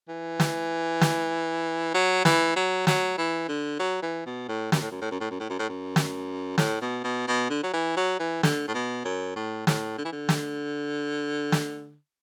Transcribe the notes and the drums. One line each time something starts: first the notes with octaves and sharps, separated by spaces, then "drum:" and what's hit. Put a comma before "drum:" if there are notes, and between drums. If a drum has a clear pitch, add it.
E3
drum: snare
drum: snare
F#3
E3, drum: snare
F#3
F#3, drum: snare
E3
D3
F#3
E3
B2
A2
F#2, drum: snare
A2
F#2
A2
F#2
A2
F#2
A2
F#2
A2
F#2
drum: snare
A2, drum: snare
B2
B2
B2
D3
F#3
E3
F#3
E3
D3, drum: snare
A2
B2
F#2
A2
A2, drum: snare
D3
E3
D3
drum: snare
drum: snare